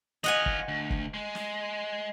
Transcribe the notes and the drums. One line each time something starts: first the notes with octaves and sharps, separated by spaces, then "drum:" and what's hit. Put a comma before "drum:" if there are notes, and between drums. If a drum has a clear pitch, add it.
E3 F4 D#5 F#5 G#5
drum: kick
D2
drum: kick
G#3
drum: snare